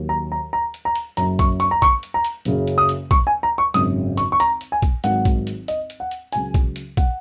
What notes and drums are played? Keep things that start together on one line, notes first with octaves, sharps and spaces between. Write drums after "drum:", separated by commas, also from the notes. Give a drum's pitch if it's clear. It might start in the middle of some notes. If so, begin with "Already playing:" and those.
Already playing: D#2 D#3 F#3
A#5
A#5
A#5
drum: hi-hat
A#5
drum: hi-hat
F#1 F#2 F#3 A#5, drum: hi-hat
C#6, drum: kick A#1, hi-hat
C#6, drum: hi-hat
A#5
C#6, drum: kick A#1, hi-hat
drum: hi-hat
A#5
drum: hi-hat
F#1 F#2 C#3 F#3, drum: hi-hat
drum: hi-hat
D#6
drum: hi-hat
C#6, drum: kick A#1, hi-hat
G#5
A#5
C#6
G#1 F#2 C#3 F#3 D#6, drum: hi-hat
C#6, drum: hi-hat
C#6
A#5, drum: hi-hat
drum: hi-hat
G#5
drum: kick A#1, hi-hat
G#1 G#2 D#3 F#3 F#5, drum: hi-hat
drum: kick A#1, hi-hat
drum: hi-hat
D#5, drum: hi-hat
drum: hi-hat
F#5
drum: hi-hat
C#2 C#3 F#3 G#5, drum: hi-hat
drum: kick A#1, hi-hat
drum: hi-hat
F#5, drum: kick A#1, hi-hat